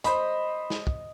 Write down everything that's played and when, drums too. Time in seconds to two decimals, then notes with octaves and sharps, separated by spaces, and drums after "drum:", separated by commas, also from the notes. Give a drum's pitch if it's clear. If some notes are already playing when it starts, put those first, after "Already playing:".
0.04 C5 D#5 B5, drum: hi-hat
0.70 drum: snare
0.87 drum: kick